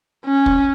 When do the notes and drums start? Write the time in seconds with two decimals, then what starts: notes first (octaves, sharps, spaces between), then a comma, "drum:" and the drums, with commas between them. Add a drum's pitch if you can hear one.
0.25 C#4
0.46 drum: kick